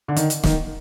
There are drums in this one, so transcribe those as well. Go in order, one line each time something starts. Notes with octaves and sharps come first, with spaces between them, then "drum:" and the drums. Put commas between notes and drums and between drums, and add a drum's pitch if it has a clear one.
D3
D#3, drum: hi-hat
drum: hi-hat
D#3, drum: snare